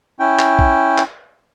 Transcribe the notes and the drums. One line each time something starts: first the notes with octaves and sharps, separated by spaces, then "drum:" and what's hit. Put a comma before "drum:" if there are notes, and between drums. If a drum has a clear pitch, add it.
C#4 E4 G5
drum: clap
drum: kick A#1
drum: clap